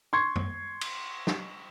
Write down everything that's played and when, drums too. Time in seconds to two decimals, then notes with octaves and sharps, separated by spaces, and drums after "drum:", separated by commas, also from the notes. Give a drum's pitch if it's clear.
0.13 C6 C#6 G#6
0.36 drum: tom F#2
0.81 drum: cymbal
1.27 drum: snare